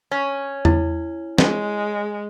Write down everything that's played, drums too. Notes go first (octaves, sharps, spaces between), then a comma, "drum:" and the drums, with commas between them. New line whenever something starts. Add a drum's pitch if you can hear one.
C#4
E4, drum: tom E2
G#3, drum: snare